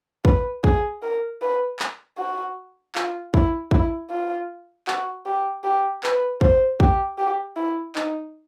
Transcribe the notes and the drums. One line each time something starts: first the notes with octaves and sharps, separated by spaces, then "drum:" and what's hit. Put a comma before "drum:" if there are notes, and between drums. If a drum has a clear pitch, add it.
B4, drum: kick
G#4, drum: kick
A#4
B4
drum: clap
F#4
F4, drum: clap
E4, drum: kick
E4, drum: kick
F4
F#4, drum: clap
G4
G4
B4, drum: clap
C5, drum: kick
G4, drum: kick
G4
E4
D#4, drum: clap